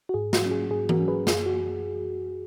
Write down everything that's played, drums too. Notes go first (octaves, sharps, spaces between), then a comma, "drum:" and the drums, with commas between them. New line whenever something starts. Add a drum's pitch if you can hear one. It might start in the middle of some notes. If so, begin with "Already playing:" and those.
F#4
G#2 G#4
F#4, drum: snare
F#3 C#4
G#4
G#2 G#4
F#4 A#4, drum: tom E3
F#3 C#4
G#4 B4
F#2 G#4, drum: snare
F#4